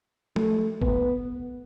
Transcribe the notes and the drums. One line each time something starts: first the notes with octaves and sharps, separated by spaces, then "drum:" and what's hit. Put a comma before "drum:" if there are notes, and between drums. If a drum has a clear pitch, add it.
A3, drum: tom
B3, drum: kick G1